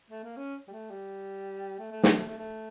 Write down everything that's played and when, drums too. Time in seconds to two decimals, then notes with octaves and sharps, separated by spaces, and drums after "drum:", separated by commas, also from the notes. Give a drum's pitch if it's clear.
0.10 A3
0.24 A#3
0.37 C#4
0.68 G3
0.73 A3
0.91 G3
1.79 A3
1.91 A3
2.03 G3, drum: snare
2.15 A3
2.27 A3
2.39 A3